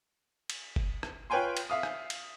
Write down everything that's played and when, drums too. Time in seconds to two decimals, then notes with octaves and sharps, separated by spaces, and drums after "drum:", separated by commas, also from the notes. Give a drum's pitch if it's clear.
0.50 drum: cymbal
0.76 drum: kick F#1
1.03 drum: rim click
1.30 F4 B4 C#5 G5 G#5 C6
1.57 drum: cymbal
1.70 E5 F5 D#6
1.83 drum: rim click
2.10 drum: cymbal